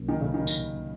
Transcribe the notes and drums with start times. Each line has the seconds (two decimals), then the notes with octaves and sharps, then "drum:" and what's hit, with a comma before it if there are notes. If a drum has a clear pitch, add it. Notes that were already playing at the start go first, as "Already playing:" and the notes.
Already playing: C2 C3 F#3 A#3 C#4
0.08 D#3
0.21 C#3
0.34 D#3
0.47 drum: tambourine